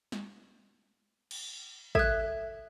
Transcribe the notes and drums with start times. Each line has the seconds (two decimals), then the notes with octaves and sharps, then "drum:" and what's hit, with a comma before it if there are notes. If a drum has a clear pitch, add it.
0.12 drum: snare
1.31 drum: cymbal
1.95 A4 E5 F#6 G#6, drum: kick